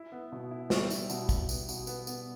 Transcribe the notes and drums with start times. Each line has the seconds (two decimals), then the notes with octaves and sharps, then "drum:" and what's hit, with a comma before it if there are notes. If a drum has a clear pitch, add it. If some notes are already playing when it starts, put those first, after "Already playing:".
Already playing: E4
0.12 B3
0.32 B2
0.51 E4
0.70 G3, drum: snare
0.90 E4, drum: tambourine
1.10 B2, drum: tambourine
1.29 B2, drum: kick, tambourine
1.49 B3, drum: tambourine
1.69 B2, drum: tambourine
1.87 B3, drum: tambourine
2.07 B3, drum: tambourine